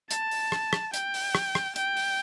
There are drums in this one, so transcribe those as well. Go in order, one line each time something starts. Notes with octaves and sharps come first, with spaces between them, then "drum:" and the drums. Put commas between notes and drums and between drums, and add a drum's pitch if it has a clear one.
A5, drum: hi-hat
drum: open hi-hat
drum: rim click
drum: rim click
G5, drum: hi-hat
drum: open hi-hat
drum: rim click
drum: rim click
G5, drum: hi-hat
drum: open hi-hat